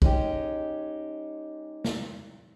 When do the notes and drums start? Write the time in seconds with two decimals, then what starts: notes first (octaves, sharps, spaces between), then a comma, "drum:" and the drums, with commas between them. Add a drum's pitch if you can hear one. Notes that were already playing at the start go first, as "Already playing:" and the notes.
0.02 G#3 C#4 D#4 G4, drum: kick
1.84 drum: snare